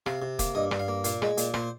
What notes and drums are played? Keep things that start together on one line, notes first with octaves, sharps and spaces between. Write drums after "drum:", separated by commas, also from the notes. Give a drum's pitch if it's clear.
C3 F5, drum: rim click
C3
A#3, drum: kick, hi-hat
G2 D#5
G2, drum: rim click
F5
A#3
A#2 F5, drum: hi-hat
G#3, drum: rim click
A#2, drum: hi-hat
A#2 C5, drum: rim click